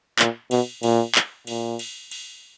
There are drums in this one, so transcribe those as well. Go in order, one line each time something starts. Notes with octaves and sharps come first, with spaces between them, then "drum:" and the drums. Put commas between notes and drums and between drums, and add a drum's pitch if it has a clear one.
A#2, drum: clap
B2, drum: cymbal
A#2, drum: cymbal
drum: clap
A#2, drum: cymbal
drum: cymbal
drum: cymbal